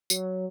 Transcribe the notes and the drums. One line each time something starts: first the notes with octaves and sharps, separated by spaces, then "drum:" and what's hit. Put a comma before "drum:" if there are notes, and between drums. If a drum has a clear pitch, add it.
F#3, drum: tambourine